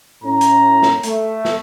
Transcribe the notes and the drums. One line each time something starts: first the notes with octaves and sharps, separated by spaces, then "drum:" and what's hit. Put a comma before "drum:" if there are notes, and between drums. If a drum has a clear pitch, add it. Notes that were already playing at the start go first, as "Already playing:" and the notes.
A2 C#4 A#5
drum: hi-hat
drum: snare
A3, drum: hi-hat
drum: snare